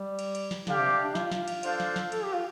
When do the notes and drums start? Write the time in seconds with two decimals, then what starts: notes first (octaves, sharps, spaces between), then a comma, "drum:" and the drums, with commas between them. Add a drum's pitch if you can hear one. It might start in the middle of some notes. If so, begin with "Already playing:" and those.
Already playing: G3
0.19 drum: cymbal
0.35 drum: cymbal
0.51 drum: snare
0.67 D3 D4 G4 F5, drum: snare
0.79 C3
1.03 D4
1.15 F4, drum: snare
1.31 drum: snare
1.48 drum: cymbal
1.63 D4 A4 C5 F5, drum: cymbal
1.80 drum: snare
1.96 drum: snare
2.12 A4, drum: cymbal
2.23 G4
2.33 F4